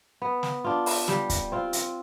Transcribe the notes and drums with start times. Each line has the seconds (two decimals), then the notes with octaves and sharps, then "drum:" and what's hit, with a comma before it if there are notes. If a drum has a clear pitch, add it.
0.22 B3
0.43 drum: snare
0.64 D4 F4
0.86 drum: open hi-hat
1.08 G3, drum: snare
1.30 drum: kick, hi-hat
1.52 C4 F4
1.73 drum: hi-hat